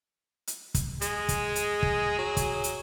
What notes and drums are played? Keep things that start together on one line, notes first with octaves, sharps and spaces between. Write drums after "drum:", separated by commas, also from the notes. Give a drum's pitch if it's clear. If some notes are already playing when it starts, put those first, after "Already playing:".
drum: hi-hat
drum: kick, hi-hat
G#3 G#4, drum: hi-hat
drum: kick, hi-hat
drum: hi-hat
drum: kick
F#3
drum: kick, hi-hat
drum: hi-hat